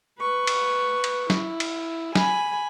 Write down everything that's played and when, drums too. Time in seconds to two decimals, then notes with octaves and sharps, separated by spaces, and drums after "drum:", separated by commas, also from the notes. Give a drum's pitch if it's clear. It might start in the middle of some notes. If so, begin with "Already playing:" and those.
0.19 B4 C#6
0.47 drum: cymbal
1.04 drum: cymbal
1.30 E4, drum: snare
1.60 drum: cymbal
2.15 G#5 B5, drum: snare